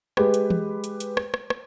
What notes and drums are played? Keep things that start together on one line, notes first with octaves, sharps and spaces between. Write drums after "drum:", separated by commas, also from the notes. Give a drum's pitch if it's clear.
G#3 G4 B4, drum: rim click
drum: hi-hat
drum: tom
drum: hi-hat
drum: hi-hat
drum: rim click
drum: rim click
drum: rim click